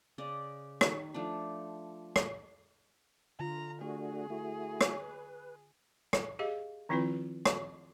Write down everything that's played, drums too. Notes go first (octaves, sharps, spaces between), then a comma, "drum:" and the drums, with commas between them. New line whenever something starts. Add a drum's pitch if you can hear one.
C#3 D5 D#5
D#3, drum: rim click
F3 A3 D4
drum: rim click
D3 F4 A#5
A3 D4 F#4 G#4
A3 E4 F#4
drum: rim click
B4
drum: rim click
G4 G#4 D#5 F5
D#3 F3 C4 E4 F4 B4
drum: rim click